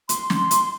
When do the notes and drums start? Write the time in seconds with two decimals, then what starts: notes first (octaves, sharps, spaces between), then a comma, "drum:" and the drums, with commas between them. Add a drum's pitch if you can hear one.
0.09 C6, drum: hi-hat
0.30 drum: snare
0.51 drum: hi-hat